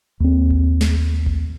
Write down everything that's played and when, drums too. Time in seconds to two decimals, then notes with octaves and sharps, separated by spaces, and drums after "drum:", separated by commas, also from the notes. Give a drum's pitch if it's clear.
0.20 D#2 C4
0.51 drum: kick A1
0.81 drum: snare
1.26 drum: kick A1